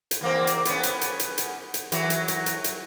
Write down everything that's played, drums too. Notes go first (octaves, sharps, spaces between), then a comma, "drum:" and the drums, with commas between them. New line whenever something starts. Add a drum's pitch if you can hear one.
drum: hi-hat
E2 A#3 C4
drum: hi-hat
B3 C#4, drum: hi-hat
drum: hi-hat
drum: hi-hat
drum: hi-hat
drum: hi-hat
drum: hi-hat
E3 F#3, drum: hi-hat
drum: hi-hat
drum: hi-hat
drum: hi-hat
drum: hi-hat